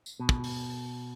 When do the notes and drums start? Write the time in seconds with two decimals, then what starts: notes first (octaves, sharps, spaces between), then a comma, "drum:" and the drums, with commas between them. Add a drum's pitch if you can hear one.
0.06 drum: tambourine
0.20 B2
0.29 drum: kick
0.44 drum: open hi-hat